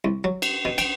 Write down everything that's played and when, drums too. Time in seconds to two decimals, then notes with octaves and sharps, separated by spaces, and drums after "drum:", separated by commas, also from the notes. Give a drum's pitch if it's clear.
0.05 C2
0.24 F#3
0.42 drum: cymbal
0.65 B2
0.78 G5, drum: cymbal